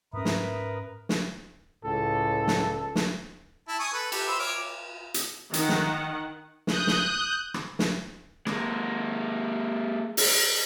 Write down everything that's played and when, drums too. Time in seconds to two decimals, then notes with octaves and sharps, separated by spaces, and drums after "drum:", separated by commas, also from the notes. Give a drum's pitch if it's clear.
0.13 G#2 C#4 A#4 B4 E5 D#6
0.25 drum: snare
1.09 drum: snare
1.84 C#2 A2 A4
2.47 drum: snare
2.95 drum: snare
3.68 E4 A5
3.80 G#5 C#6 D#6
3.93 A4 B4
4.12 G4 A4, drum: cymbal
4.28 C5 B5 E6
4.40 C#5 D6 F6
5.14 drum: hi-hat
5.54 D#3 F#5, drum: hi-hat
5.69 drum: snare
6.67 D#6 F#6 G6, drum: snare
6.87 drum: snare
7.54 drum: rim click
7.79 drum: snare
8.47 G#3 A#3, drum: rim click
10.17 drum: open hi-hat